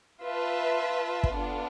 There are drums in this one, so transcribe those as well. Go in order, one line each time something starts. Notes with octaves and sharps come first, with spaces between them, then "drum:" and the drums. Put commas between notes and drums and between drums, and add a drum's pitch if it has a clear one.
F4 B4 E5 A5
drum: kick
B3 D4 F4 A4